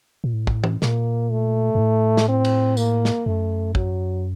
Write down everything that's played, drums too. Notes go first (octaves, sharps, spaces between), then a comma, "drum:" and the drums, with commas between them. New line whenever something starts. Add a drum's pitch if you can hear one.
A#2
A2
drum: kick
drum: tom
A#2 A#3, drum: snare
A3
F#2
A2
drum: snare
C4
drum: cymbal
A#3, drum: tambourine
drum: snare
F#2 A3
F#3, drum: kick